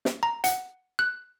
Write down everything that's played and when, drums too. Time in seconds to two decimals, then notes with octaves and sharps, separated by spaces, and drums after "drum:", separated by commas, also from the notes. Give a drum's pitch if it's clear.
0.05 drum: snare
0.23 A#5
0.44 F#5, drum: hi-hat
0.99 F#6